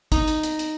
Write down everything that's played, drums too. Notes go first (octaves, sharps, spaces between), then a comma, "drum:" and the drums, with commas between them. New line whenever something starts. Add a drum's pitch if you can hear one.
D#4, drum: kick, hi-hat
drum: hi-hat
drum: hi-hat
drum: hi-hat